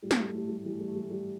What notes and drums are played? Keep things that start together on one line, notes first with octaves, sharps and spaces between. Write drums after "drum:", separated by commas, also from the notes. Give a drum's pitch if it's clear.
A2 G3
A3, drum: snare
G3
A3
A2 G3
A3
G3
A3
E3 G3
A3
G3
A3
E3 G3
A3
G3